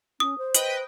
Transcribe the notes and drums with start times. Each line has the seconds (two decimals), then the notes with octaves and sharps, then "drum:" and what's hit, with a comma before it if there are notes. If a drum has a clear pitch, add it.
0.20 C#4 D#6
0.38 C5
0.55 B4 D#5 G5 F#7, drum: hi-hat